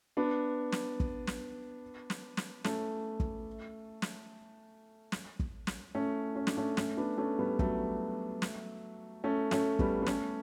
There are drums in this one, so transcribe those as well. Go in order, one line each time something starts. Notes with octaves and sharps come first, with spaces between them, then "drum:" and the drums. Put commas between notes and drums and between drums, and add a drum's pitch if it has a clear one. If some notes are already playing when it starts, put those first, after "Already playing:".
B3 D4
drum: snare
drum: kick
drum: snare
drum: snare
drum: snare
A3 C#4, drum: snare
drum: kick
drum: snare
drum: snare
drum: kick
drum: snare
A3 C#4
C#4
D4, drum: snare
A3 C#4
A3 C#4, drum: snare
B3 D4
A3 C#4
G3 B3
F#3 A3, drum: kick
drum: snare
A3 C#4
A3 C#4, drum: snare
G3 B3, drum: kick
B3
A3 C#4, drum: snare